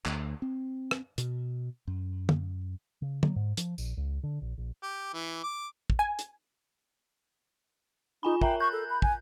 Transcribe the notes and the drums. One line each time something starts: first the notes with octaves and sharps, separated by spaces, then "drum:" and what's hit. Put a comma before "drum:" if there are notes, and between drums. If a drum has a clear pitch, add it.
D2, drum: clap
C4
drum: rim click
B2, drum: hi-hat
F#2
drum: tom
C#3
F#3, drum: tom
G#2
F3, drum: hi-hat
A#1, drum: tambourine
C#2
D3
A#1
A#1
G4
E3
D6
drum: kick
G#5
drum: hi-hat
D#4 F4 G#5 B5
A#4 E5 G5 A#5, drum: kick
C#6 F#6 G6
A4
B5
G#5, drum: kick